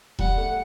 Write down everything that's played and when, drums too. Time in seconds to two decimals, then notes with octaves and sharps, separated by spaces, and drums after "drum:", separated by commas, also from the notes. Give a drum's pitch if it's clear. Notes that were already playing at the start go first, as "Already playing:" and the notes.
0.19 G3 F#5, drum: kick E1
0.37 A3